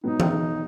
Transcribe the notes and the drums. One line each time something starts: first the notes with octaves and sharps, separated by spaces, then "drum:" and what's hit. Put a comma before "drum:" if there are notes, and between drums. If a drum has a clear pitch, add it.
B2 F#3 B3 D#4
drum: tom E3